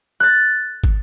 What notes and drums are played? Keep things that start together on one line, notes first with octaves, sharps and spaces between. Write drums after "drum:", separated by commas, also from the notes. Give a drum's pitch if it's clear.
F#6 A6
drum: kick